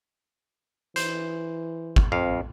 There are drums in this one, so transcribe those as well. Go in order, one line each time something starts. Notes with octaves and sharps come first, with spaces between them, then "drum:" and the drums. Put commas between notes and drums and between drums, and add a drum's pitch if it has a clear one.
E3 C5, drum: hi-hat
drum: kick
F2 C4 F5